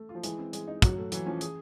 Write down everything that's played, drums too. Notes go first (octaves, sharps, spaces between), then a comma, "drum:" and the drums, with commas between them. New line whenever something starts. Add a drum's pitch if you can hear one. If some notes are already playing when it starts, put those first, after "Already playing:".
Already playing: A3
F4
F3
E3 G#3, drum: hi-hat
C4
G#3, drum: hi-hat
D#4
F#3 F#4, drum: kick, hi-hat
A3
E3 F#3, drum: hi-hat
F3 C#4
G#4, drum: hi-hat